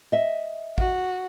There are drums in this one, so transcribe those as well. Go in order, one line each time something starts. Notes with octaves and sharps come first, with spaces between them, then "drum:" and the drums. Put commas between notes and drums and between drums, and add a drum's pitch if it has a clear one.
D#5 E5
F#4, drum: kick A1